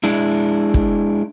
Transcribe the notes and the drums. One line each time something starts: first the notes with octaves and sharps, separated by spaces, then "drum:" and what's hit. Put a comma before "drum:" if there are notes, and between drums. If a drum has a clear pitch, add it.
G#3 D4 E4
drum: kick